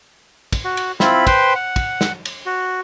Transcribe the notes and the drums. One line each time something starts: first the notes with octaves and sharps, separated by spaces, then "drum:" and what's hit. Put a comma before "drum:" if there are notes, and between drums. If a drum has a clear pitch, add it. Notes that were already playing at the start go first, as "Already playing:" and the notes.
drum: kick, cymbal
F#4
drum: cymbal
C4 E4 F4 B5, drum: snare
B4 C5 G5 C6, drum: kick, cymbal
F#5
drum: kick, cymbal
drum: snare
drum: cymbal
F#4